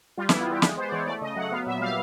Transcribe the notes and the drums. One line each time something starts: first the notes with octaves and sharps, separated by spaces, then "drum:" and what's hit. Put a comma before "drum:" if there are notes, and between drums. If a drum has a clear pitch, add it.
G3 F4
E4, drum: snare
B3
F4
E3 G4
G#3 G4, drum: snare
B3 C5
D5
E3 C#5
A3 D5
C#3 D#5
F#3 F#5
B3 F5
A#2 E5
G3 F5